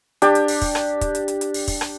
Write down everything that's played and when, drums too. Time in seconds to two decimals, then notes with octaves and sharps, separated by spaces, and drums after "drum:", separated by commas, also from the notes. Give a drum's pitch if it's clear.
0.22 D4 G4, drum: hi-hat
0.35 drum: hi-hat
0.48 drum: open hi-hat
0.62 drum: kick, open hi-hat
0.75 drum: rim click
1.01 drum: kick, hi-hat
1.15 drum: hi-hat
1.28 drum: hi-hat
1.41 drum: hi-hat
1.54 drum: open hi-hat
1.68 drum: kick, open hi-hat
1.81 drum: rim click